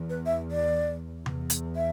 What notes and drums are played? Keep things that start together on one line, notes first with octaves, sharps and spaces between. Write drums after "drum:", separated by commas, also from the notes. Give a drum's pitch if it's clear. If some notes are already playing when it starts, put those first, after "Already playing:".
Already playing: E2
B4
E5
D5
E2, drum: tom C3
drum: hi-hat
E5